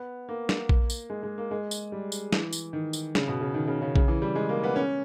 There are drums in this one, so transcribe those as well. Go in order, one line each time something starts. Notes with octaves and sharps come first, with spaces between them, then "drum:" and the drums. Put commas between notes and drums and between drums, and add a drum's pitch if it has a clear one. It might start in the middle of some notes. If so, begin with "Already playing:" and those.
Already playing: B3
A#3
drum: snare
drum: kick A#1
drum: tambourine
G#3
G#3
A#3
G#3
drum: tambourine
G3
drum: tambourine
E3, drum: snare
drum: tambourine
D#3
drum: tambourine
C#3, drum: snare
B2
C#3
D#3
C#3
C#3
C#3, drum: kick A#1
E3
G3
G#3
A#3
B3
C#4